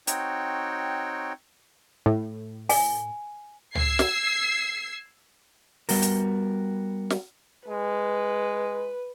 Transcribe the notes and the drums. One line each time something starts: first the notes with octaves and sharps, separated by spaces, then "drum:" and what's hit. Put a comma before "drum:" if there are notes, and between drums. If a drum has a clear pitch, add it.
C4 D#4 F#4 C#5 G5, drum: hi-hat
A2
G#5, drum: open hi-hat
E6 G#6 C7, drum: tom C#2
drum: snare
G3 B3 F#4 A#4, drum: open hi-hat
drum: hi-hat
drum: snare
G#3 B4